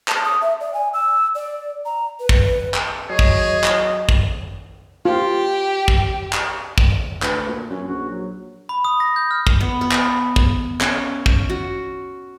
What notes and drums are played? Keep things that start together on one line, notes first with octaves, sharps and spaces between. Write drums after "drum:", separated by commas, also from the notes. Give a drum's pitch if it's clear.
A5, drum: clap
D#6
E5
D5
G#5
E6
D5
A#5
B4
drum: kick
drum: clap
F#3 G#4 C#5 D#5
drum: kick
drum: clap
drum: kick
F4 G4
drum: kick
drum: clap
drum: kick
D2 B4, drum: clap
A#2
F#2 C#4
A#1 F#4
F#3
B5
D#6
A#6
G6
F6
drum: kick
B3
B3
drum: clap
drum: kick
C#4, drum: clap
drum: kick
F#4